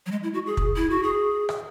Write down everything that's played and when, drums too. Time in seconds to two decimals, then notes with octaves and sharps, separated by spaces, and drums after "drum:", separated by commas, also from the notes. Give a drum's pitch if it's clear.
0.06 F#3
0.11 G#3
0.23 E4
0.34 F#4
0.46 G#4
0.57 drum: kick
0.76 E4
0.90 F#4
1.03 G#4
1.49 drum: rim click